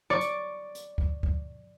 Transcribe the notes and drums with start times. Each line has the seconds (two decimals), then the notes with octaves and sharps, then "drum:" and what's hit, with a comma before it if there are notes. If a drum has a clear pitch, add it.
0.10 D5 C#6 D6 C#7
0.21 drum: hi-hat
0.75 drum: hi-hat
0.98 drum: kick
1.23 drum: kick